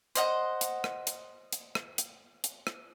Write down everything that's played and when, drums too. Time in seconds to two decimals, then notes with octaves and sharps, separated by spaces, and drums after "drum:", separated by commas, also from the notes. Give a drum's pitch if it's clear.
0.16 C5 D#5 F#5, drum: hi-hat
0.61 drum: hi-hat
0.84 drum: rim click
1.07 drum: hi-hat
1.53 drum: hi-hat
1.75 drum: rim click
1.98 drum: hi-hat
2.44 drum: hi-hat
2.67 drum: rim click